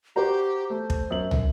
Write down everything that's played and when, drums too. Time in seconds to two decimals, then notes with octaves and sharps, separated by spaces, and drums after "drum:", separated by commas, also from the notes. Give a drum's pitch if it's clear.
0.16 F#4 G4 C5 A#5
0.70 A3 C5
0.90 drum: kick
1.10 F#2 F#7
1.31 drum: tom